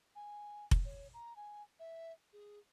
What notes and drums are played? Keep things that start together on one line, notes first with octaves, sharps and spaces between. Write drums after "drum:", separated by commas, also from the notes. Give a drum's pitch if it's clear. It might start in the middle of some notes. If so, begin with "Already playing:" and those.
G#5
drum: kick F1
C#5
A#5
G#5
E5
G#4